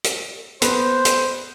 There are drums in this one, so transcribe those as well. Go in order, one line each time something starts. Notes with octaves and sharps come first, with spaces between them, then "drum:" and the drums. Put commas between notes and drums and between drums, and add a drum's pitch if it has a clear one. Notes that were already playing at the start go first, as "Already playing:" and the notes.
drum: hi-hat
B3 C5, drum: hi-hat
drum: hi-hat